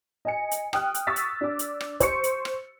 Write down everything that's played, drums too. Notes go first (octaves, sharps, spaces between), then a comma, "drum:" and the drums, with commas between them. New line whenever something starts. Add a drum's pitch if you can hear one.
D#5 G#5 C#7
drum: hi-hat
G5 D#6 F6 F#6, drum: rim click
drum: hi-hat
C#6 D#6 E6 A6 B6
drum: hi-hat
D4 D6
drum: hi-hat
drum: rim click
C5 C#6 C#7, drum: kick, hi-hat
drum: hi-hat
drum: rim click